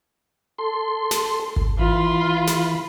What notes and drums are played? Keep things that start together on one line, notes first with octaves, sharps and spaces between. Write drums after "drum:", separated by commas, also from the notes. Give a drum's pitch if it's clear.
A4 C6
drum: snare
drum: kick G#1
E3 F4 B5
drum: snare